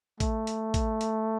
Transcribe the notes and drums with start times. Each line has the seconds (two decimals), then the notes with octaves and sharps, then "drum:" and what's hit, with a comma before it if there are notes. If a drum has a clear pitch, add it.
0.20 A3, drum: kick, hi-hat
0.47 drum: hi-hat
0.74 drum: kick, hi-hat
1.01 drum: hi-hat